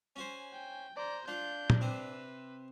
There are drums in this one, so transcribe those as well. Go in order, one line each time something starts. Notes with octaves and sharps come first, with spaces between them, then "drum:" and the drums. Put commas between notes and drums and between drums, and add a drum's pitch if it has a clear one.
C#4 F#4 C5 G#5
G5
C5 D5 A#5
D4 F4 G6
drum: tom
C3 C4 B4 D6